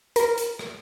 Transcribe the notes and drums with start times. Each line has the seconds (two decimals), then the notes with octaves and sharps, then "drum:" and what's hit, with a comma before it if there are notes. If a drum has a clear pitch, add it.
0.16 A#4, drum: hi-hat
0.38 drum: hi-hat
0.59 drum: rim click